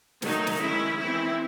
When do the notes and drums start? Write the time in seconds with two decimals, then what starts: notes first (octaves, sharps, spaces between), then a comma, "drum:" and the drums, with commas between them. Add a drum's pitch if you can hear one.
0.22 D#3 F#3 A3 D#4, drum: snare
0.47 drum: snare
0.60 D#3 G#3 C#4 E4
0.98 E3 C4 E4